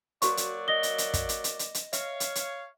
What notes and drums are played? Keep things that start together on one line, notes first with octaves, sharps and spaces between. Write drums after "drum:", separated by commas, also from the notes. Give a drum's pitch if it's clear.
F#3 A#3 F#4 B4 D5 C#6, drum: hi-hat
drum: hi-hat
D#5 D#6 A#6 G7
drum: hi-hat
drum: hi-hat
drum: kick, hi-hat
drum: hi-hat
drum: hi-hat
drum: hi-hat
drum: hi-hat
C#5 E5 F5, drum: hi-hat
drum: hi-hat
drum: hi-hat